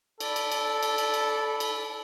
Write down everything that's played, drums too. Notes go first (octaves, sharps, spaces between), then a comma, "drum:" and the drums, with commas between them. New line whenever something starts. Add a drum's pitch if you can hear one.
A4 D5 B5, drum: cymbal
drum: cymbal
drum: cymbal
drum: cymbal
drum: cymbal
drum: cymbal
drum: cymbal